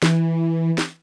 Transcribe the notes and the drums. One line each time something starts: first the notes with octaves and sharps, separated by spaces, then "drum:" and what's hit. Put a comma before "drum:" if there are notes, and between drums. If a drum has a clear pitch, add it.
E3, drum: snare
drum: snare